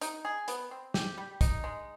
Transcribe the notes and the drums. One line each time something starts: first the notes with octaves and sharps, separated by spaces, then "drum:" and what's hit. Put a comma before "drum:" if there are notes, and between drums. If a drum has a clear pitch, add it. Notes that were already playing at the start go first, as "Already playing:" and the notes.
D#4, drum: hi-hat
G#4
B3, drum: hi-hat
C4
G4, drum: snare
G3
D#4, drum: kick, hi-hat
G#3